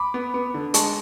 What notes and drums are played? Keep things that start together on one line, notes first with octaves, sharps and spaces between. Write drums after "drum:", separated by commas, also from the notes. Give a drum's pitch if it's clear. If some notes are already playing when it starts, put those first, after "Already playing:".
Already playing: B5 D6
B3
B3
D3
G#3 A5 C#6, drum: hi-hat